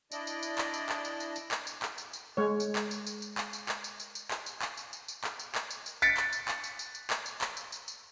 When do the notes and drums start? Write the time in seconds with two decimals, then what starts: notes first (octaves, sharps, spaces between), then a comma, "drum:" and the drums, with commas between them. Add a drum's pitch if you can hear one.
0.12 D4 E4 D5 D#5, drum: tambourine
0.27 drum: tambourine
0.43 drum: tambourine
0.58 drum: clap
0.74 drum: tambourine
0.89 drum: clap
1.05 drum: tambourine
1.20 drum: tambourine
1.36 drum: tambourine
1.51 drum: clap
1.67 drum: tambourine
1.82 drum: clap
1.98 drum: tambourine
2.13 drum: tambourine
2.37 G#3 C#5
2.60 drum: tambourine
2.76 drum: clap
2.91 drum: tambourine
3.07 drum: tambourine
3.22 drum: tambourine
3.38 drum: clap
3.53 drum: tambourine
3.69 drum: clap
3.84 drum: tambourine
4.00 drum: tambourine
4.15 drum: tambourine
4.31 drum: clap
4.46 drum: tambourine
4.62 drum: clap
4.77 drum: tambourine
4.93 drum: tambourine
5.08 drum: tambourine
5.24 drum: clap
5.39 drum: tambourine
5.55 drum: clap
5.70 drum: tambourine
5.86 drum: tambourine
6.02 A6 B6 C#7 D7, drum: tambourine
6.17 drum: clap
6.33 drum: tambourine
6.48 drum: clap
6.64 drum: tambourine
6.79 drum: tambourine
6.95 drum: tambourine
7.10 drum: clap
7.26 drum: tambourine
7.41 drum: clap
7.57 drum: tambourine
7.72 drum: tambourine
7.88 drum: tambourine